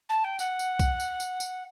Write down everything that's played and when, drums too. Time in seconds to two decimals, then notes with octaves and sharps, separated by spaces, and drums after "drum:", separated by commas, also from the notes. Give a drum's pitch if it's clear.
0.09 A5
0.24 G5
0.39 F#5, drum: tambourine
0.59 drum: tambourine
0.79 drum: kick B1, tambourine
1.00 drum: tambourine
1.20 drum: tambourine
1.40 drum: tambourine